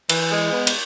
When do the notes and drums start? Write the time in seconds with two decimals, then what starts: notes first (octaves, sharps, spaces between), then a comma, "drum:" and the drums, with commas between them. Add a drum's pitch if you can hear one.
0.10 E3, drum: cymbal
0.32 G#3
0.52 B3
0.67 drum: cymbal